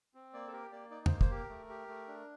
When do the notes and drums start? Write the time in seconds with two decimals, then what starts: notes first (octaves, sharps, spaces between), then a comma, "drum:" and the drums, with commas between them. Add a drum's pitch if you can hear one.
0.14 C4
0.34 A#3 D5
0.47 A4
0.53 G4 A#4
0.72 A#3 D5
0.91 D#4 D5
1.06 A#3 C5, drum: tom
1.21 C5, drum: kick
1.31 G4 A#4
1.50 A3
1.69 G4
1.88 A3
2.08 D4